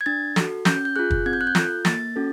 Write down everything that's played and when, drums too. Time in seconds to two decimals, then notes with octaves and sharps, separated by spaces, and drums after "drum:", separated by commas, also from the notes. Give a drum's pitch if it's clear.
0.01 G#6
0.06 D4 A6
0.36 F#4 A4, drum: snare
0.65 C#4 G6, drum: snare
0.85 G6
0.96 F4 G#4 F#6
1.10 drum: kick
1.26 C4 G#6
1.33 G6
1.41 F#6
1.47 G6
1.55 F4 A4, drum: snare
1.85 A#3 A6, drum: snare
2.16 C#4 F#4 A4